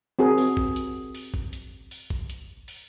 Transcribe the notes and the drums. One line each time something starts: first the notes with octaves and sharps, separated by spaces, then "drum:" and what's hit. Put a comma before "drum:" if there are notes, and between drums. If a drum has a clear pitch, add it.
C4 F#4 G#4 A#4
drum: open hi-hat
drum: kick
drum: hi-hat
drum: open hi-hat
drum: kick
drum: hi-hat
drum: open hi-hat
drum: kick
drum: hi-hat
drum: open hi-hat